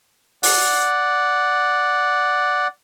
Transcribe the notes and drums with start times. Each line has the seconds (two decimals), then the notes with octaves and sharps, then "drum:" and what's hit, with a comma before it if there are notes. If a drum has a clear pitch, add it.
0.43 D5 F#5, drum: open hi-hat